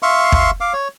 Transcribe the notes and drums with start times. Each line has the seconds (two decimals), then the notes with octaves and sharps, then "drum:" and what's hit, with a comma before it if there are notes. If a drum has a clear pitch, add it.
0.03 E5 F5 C6 C#6
0.32 drum: kick
0.61 F5 D6
0.73 C#5